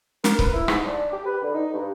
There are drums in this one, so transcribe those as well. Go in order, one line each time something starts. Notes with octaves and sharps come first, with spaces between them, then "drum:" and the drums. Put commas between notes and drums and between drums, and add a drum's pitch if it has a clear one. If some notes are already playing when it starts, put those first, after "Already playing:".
A#4, drum: snare
B4, drum: kick C#1
E4
G#2, drum: rim click
D4
G4
B4
D3
D#4
G2